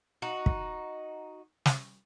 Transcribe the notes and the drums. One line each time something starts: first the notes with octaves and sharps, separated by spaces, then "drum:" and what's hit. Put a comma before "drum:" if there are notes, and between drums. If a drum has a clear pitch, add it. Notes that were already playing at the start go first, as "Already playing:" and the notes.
D#4 F#4
drum: kick
drum: snare